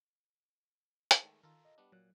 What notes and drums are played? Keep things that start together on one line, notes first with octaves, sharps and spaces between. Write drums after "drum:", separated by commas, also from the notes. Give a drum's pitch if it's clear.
drum: hi-hat
D#3 G#3 A3
D#3 F4 A4 A#4
D#5
G3 B3 D4
A#2 F#3 F#6